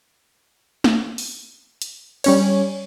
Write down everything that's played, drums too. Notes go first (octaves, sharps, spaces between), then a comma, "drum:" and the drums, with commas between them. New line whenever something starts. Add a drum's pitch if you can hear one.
drum: snare
drum: open hi-hat
drum: hi-hat
G3 C#4 C#5, drum: cymbal